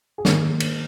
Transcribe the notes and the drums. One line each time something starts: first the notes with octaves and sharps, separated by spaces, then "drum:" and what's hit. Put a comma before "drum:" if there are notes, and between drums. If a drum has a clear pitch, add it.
G#4
D#3 A#3 A#4, drum: snare
drum: cymbal